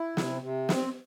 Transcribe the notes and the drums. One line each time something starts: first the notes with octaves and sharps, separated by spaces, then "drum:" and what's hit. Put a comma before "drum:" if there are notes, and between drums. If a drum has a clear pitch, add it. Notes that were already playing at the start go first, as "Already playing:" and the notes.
Already playing: E4
C3, drum: snare
C3
C4, drum: snare